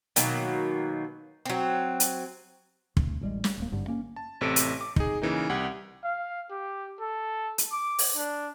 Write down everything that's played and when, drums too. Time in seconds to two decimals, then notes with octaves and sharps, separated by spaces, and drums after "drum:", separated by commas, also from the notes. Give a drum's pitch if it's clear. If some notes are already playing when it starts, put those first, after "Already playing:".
0.16 B2 D#3 F#3 A#3, drum: hi-hat
1.46 F#3 C4
2.00 drum: hi-hat
2.97 D2, drum: kick
3.21 A1 G3 G#3
3.44 G3, drum: snare
3.58 D1 A#3
3.72 G#1 G2 D3
3.88 A#3 C#4
4.16 A5
4.41 A1 C3 A4 C#7 D7
4.56 drum: hi-hat
4.81 D6
4.96 D#4 G#4, drum: kick
5.22 C#3 E3 A#3 D#4
5.49 C2 G4 F#5 G#6
6.04 F5
6.50 G4
7.00 A4
7.58 drum: hi-hat
7.72 D6
7.99 drum: open hi-hat
8.16 D4